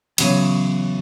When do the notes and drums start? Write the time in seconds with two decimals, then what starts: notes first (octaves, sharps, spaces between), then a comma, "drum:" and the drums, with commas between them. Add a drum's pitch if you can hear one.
0.18 E2 C#3 F#3, drum: cymbal